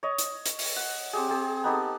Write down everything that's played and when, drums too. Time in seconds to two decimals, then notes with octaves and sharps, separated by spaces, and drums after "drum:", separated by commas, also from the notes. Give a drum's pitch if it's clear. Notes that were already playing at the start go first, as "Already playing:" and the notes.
0.03 C#5 D#5
0.18 drum: hi-hat
0.46 drum: hi-hat
0.59 drum: open hi-hat
0.76 F#5
1.13 C4 G4 G#4
1.29 C4 G#4
1.64 B3 D#4 G4 A4